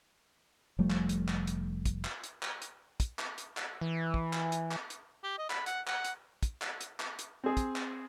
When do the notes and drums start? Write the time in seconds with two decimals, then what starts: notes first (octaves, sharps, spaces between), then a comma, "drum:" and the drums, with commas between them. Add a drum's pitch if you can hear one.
0.79 F1 F3 G3 A3
0.90 drum: clap
1.09 drum: hi-hat
1.28 drum: clap
1.47 drum: hi-hat
1.86 drum: kick, hi-hat
2.05 drum: clap
2.24 drum: hi-hat
2.43 drum: clap
2.62 drum: hi-hat
3.00 drum: kick, hi-hat
3.19 drum: clap
3.38 drum: hi-hat
3.57 drum: clap
3.81 E3
4.14 drum: kick
4.33 drum: clap
4.52 drum: hi-hat
4.71 drum: clap
4.90 drum: hi-hat
5.24 G4
5.39 D#5
5.50 B5, drum: clap
5.66 F#5, drum: hi-hat
5.87 F#5, drum: clap
6.04 drum: hi-hat
6.43 drum: kick, hi-hat
6.62 drum: clap
6.81 drum: hi-hat
7.00 drum: clap
7.19 drum: hi-hat
7.44 C4 G#4
7.57 drum: kick, hi-hat
7.76 drum: clap